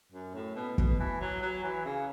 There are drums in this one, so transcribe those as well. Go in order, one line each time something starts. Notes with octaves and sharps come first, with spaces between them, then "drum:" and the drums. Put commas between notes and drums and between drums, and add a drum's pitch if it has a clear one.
F#2
A2
B2
B2, drum: kick
E3
F#3
F#3
E3
C#3